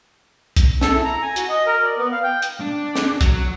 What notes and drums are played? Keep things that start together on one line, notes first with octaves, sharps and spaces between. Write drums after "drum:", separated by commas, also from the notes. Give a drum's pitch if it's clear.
drum: kick, hi-hat
A4, drum: snare
E4
A#5
G#5
F#4, drum: hi-hat
D#5
A#4
D5
B3
F5
G5
drum: hi-hat
D4
drum: snare
F#3, drum: kick, hi-hat